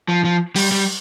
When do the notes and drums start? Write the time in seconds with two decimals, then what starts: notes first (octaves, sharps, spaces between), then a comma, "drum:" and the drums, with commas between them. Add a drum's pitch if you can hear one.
0.09 F3
0.25 F3
0.56 G3, drum: open hi-hat
0.72 G3